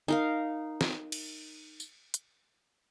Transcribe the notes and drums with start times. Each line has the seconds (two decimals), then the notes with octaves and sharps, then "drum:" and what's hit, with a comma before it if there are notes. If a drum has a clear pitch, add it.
0.08 D#4 A#4 F5
0.81 drum: snare
1.12 drum: cymbal
1.80 drum: tambourine
2.14 drum: hi-hat